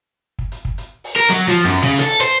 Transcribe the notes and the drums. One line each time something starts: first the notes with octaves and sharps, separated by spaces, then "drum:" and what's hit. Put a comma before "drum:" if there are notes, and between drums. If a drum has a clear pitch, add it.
drum: kick
drum: hi-hat
drum: kick
drum: hi-hat
drum: open hi-hat
A#4
F#3
F3
F#2
C#3, drum: hi-hat
A4
drum: open hi-hat
C5